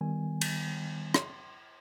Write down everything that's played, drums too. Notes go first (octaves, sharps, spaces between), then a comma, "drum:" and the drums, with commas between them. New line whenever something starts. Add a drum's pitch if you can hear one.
D#3 G3 B3 G#5
drum: cymbal
drum: rim click